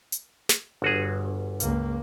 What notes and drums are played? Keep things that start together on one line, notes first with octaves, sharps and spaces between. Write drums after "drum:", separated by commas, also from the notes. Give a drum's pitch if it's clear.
drum: hi-hat
drum: snare
G1 G2 F#4 G#4
C#2 A#3, drum: hi-hat